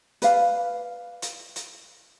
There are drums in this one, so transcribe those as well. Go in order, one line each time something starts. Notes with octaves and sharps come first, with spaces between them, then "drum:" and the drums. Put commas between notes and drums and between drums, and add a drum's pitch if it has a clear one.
B4 D5 F5, drum: hi-hat
drum: hi-hat
drum: hi-hat